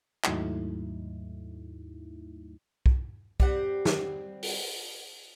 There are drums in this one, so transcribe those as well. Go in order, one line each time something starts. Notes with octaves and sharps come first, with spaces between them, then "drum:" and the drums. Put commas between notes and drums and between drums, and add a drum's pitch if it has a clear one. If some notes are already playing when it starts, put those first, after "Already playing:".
D#2 G#2 F#3 A3 D#4 E4, drum: clap
drum: kick B1
G3 C4 F#5, drum: kick B1
drum: snare
drum: open hi-hat